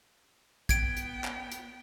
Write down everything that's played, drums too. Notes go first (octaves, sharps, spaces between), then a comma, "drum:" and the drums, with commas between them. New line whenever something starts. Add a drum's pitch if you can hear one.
B3 G5 G#6 D7, drum: kick, hi-hat
drum: hi-hat
drum: clap
drum: hi-hat